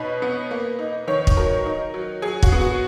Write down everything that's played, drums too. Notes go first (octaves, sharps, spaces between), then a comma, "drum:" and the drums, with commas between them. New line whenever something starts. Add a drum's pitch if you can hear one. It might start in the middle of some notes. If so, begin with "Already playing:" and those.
Already playing: B2 C#4 D#4 B4
B3
A#3
D#4
D#3 C#5
drum: kick
F#3 A#4
D#4
F#3
F#3 G#4
F#4, drum: kick
B3
F#4